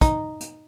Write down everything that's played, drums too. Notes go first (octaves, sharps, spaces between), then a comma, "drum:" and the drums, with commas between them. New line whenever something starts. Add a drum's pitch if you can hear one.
D#4, drum: kick, hi-hat
drum: hi-hat